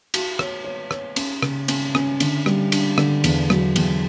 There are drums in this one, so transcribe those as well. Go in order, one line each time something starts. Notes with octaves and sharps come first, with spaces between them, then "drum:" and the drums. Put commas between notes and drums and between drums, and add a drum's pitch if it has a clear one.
F#4, drum: cymbal
C#5, drum: rim click
C#5
C#5, drum: rim click
C#4, drum: cymbal
C#3, drum: rim click
C#4, drum: cymbal
C#4, drum: rim click
D3, drum: cymbal
G3, drum: rim click
D4, drum: cymbal
D3, drum: rim click
E2, drum: cymbal
F#3, drum: rim click
E2, drum: cymbal